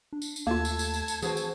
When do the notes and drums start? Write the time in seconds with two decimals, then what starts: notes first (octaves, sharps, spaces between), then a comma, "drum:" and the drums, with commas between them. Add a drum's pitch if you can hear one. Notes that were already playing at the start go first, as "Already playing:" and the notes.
0.13 D4
0.22 drum: tambourine
0.36 drum: tambourine
0.47 D#2 A3 A#3 F4 A5 G#6
0.65 drum: tambourine
0.79 drum: tambourine
0.94 drum: tambourine
1.08 drum: tambourine
1.22 E3 C4 F#4 G#4, drum: tambourine
1.37 drum: tambourine